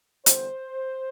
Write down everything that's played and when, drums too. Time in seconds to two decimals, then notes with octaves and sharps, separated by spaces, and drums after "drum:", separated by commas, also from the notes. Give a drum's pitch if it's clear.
0.26 E2 D3 G3 B3 C5, drum: hi-hat